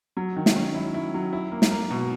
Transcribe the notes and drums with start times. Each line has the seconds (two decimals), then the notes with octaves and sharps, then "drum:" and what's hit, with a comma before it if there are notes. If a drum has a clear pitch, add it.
0.17 F#3
0.36 D#3
0.46 drum: snare
0.56 C#4
0.75 E4
0.94 E4
1.14 F#3
1.33 E4
1.52 A#3
1.62 drum: snare
1.71 A#3
1.91 B2